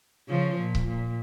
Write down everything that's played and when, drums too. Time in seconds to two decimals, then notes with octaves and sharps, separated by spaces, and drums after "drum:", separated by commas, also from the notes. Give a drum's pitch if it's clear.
0.29 C#3 F3
0.58 A#2
0.75 drum: kick C#1
0.88 A#2